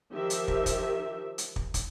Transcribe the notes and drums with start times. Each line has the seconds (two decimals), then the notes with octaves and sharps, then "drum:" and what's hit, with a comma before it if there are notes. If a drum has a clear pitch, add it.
0.12 D#3 F3 G4 E5
0.30 drum: hi-hat
0.48 drum: kick
0.66 drum: kick, hi-hat
1.38 drum: hi-hat
1.56 drum: kick
1.74 drum: kick, hi-hat